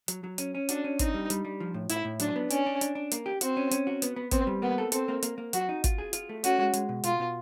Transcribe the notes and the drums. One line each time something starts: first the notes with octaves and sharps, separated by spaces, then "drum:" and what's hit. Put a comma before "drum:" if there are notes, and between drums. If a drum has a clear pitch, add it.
F#3, drum: hi-hat
F#3
C#4, drum: hi-hat
C#4
D4 F#4, drum: hi-hat
C#4
C4 D#4, drum: kick, hi-hat
G3
G3, drum: hi-hat
G3
F3
A2
A2 E4, drum: hi-hat
A2
F#3 D4, drum: hi-hat
B3
C#4 D4, drum: hi-hat
D4
D4, drum: hi-hat
D4
A#3, drum: hi-hat
G4
C4 F#4, drum: hi-hat
C#4
C#4, drum: hi-hat
F#4
B3, drum: hi-hat
B3
B3 C4, drum: kick, hi-hat
G3
A#3 B3
A4
C4 A4, drum: hi-hat
A#3
A#3, drum: hi-hat
A#3
F#3 F#4, drum: hi-hat
D#4
F4, drum: kick, hi-hat
G#4
F4, drum: hi-hat
A3
C#4 F#4, drum: hi-hat
G#3
G#3, drum: hi-hat
B2
B2 F4, drum: hi-hat
B2